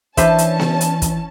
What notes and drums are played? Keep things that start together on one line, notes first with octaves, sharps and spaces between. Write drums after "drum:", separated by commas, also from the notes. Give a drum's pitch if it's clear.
E3 C#4 D4 B4 C5 E5 A5, drum: kick, hi-hat
drum: hi-hat
drum: snare B3
drum: hi-hat
drum: kick, hi-hat